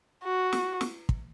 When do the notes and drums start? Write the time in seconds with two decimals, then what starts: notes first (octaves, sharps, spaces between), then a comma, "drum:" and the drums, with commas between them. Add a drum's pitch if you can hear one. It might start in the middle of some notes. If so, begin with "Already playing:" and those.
0.24 F#4
0.53 drum: snare
0.81 drum: snare
1.09 drum: kick